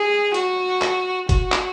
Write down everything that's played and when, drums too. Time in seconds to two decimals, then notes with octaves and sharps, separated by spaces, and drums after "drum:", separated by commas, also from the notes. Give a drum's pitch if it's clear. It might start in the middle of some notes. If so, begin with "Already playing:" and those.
Already playing: G#4
0.34 F#4, drum: hi-hat
0.82 drum: clap
1.29 F#4, drum: kick, hi-hat
1.52 drum: clap